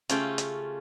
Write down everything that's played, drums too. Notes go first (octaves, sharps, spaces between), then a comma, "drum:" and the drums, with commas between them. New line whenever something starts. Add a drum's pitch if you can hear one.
C#3 A3 C#4 F4 G4 G5, drum: hi-hat
drum: hi-hat